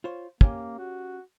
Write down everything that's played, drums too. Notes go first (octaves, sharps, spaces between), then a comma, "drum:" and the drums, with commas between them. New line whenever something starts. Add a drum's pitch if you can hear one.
F4 C5 C#5
A#3 C#4 G4, drum: kick
F#4